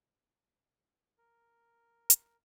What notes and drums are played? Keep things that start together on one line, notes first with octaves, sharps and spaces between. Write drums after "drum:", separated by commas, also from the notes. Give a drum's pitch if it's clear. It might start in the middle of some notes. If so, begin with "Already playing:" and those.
A#4
drum: hi-hat